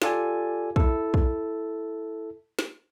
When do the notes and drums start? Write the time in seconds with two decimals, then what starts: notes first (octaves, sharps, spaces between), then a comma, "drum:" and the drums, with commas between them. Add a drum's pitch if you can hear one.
0.02 F4 G4 A4 D5 G#5, drum: snare
0.76 E4 A4, drum: kick
1.14 drum: kick
2.59 drum: snare